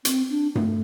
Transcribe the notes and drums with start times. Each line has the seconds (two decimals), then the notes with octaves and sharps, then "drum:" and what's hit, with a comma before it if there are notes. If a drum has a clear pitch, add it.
0.05 C4, drum: hi-hat
0.30 D4
0.55 A3, drum: tom G2